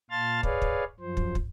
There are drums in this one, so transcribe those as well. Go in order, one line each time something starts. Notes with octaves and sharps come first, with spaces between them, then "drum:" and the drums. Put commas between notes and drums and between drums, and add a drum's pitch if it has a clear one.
A#2 F5 A5 C6 F6 A6
G#4 B4 C#5 D5 F5, drum: kick
drum: kick
F#2 F3 C5
drum: kick
drum: kick